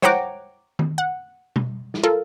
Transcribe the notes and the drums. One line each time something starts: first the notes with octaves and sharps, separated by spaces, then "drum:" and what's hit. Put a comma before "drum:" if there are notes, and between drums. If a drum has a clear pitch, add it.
C5 C#5 F#5 G5 A#5 D6, drum: snare
drum: tom D#3
F#5
drum: tom B2
drum: snare
F4 A4 A#4